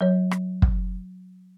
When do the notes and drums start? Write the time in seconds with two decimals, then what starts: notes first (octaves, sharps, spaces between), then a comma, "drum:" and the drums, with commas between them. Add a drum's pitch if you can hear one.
0.01 F#3 C#5
0.31 drum: rim click
0.62 drum: kick